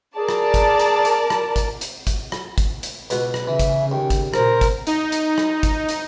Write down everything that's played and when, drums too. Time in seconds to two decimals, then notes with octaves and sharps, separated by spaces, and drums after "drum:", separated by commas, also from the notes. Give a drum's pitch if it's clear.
0.17 G#4 A#4 D5 A5
0.29 drum: rim click
0.54 drum: kick, hi-hat
0.79 drum: hi-hat
1.05 drum: hi-hat
1.30 drum: rim click
1.56 drum: kick, hi-hat
1.81 drum: hi-hat
2.07 drum: kick, hi-hat
2.32 drum: rim click
2.58 drum: kick, hi-hat
2.83 drum: hi-hat
3.10 C#2 B2 F#4, drum: hi-hat
3.34 drum: rim click
3.48 C#3 E3 E5
3.59 drum: kick, hi-hat
3.92 D#2 G5
4.10 drum: kick, hi-hat
4.34 A#2 A#4 C5, drum: rim click
4.61 drum: kick, hi-hat
4.87 D#4, drum: hi-hat
5.12 drum: hi-hat
5.38 drum: rim click
5.63 drum: kick, hi-hat
5.89 drum: hi-hat